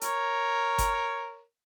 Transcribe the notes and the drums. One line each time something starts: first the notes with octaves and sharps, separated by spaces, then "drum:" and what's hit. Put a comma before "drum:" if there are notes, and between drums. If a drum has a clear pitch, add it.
A#4 C#5, drum: hi-hat
drum: kick G1, hi-hat